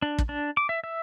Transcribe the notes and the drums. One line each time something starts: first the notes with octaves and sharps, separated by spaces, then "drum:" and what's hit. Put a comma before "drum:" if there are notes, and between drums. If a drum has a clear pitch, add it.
D4
drum: kick
D4
D6
E5
E5